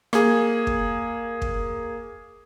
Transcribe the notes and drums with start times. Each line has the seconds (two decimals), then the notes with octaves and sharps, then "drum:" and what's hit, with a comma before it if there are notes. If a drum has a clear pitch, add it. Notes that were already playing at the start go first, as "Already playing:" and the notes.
0.13 A#3 G#4, drum: rim click
0.67 drum: kick
1.42 drum: kick